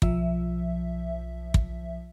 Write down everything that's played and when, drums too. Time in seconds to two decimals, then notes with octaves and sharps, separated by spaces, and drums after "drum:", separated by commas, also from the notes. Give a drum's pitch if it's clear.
0.02 B1 F3 E5, drum: kick
1.54 drum: kick